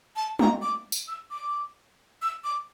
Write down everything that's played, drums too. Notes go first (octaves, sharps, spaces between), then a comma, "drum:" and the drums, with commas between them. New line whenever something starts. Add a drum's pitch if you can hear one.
A5
A#5, drum: tom
D6
drum: tambourine
E6
D6
E6
D6